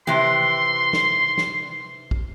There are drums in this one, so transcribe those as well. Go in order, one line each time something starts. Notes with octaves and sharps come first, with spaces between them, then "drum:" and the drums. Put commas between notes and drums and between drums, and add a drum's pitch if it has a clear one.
C3 E3 G4 C6, drum: tom D#3
drum: snare
drum: snare
drum: kick